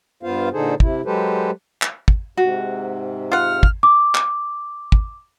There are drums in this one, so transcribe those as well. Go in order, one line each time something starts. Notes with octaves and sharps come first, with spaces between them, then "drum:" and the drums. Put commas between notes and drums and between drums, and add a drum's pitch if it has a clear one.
G2 B3 F4 C5 F5
A#2 D3 D#4 G#4 A4 C5
C3 E4, drum: kick
F#3 G#3 G4 A4 B4 C5
drum: clap
drum: kick
G#2 C3 F#4
F4 F#5 F6
drum: kick
D6
drum: clap
drum: kick